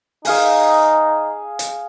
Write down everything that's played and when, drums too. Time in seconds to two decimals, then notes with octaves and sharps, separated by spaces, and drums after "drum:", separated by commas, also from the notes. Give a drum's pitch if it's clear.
0.25 D#4 G#4 F5 G#5, drum: open hi-hat
1.59 drum: hi-hat